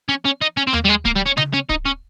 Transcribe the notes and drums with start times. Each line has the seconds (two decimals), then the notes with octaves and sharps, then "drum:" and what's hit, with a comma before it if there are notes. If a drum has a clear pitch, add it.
0.09 C#4
0.25 C#4
0.41 D#4
0.57 C#4
0.67 C4
0.73 A#3, drum: tom D#2
0.85 G3
0.89 G#3
1.05 A#3, drum: kick D1
1.16 G3
1.26 C#4
1.37 D#4, drum: tom C#3
1.54 C#4
1.70 D#4, drum: kick D1
1.86 C#4